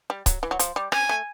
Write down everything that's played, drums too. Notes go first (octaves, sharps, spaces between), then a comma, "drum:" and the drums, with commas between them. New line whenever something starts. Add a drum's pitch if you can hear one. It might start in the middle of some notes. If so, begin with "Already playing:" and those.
G3
F#3, drum: kick C#1, hi-hat
E3
F#3
F3, drum: hi-hat
G3
C#4 G#5, drum: rim click
A3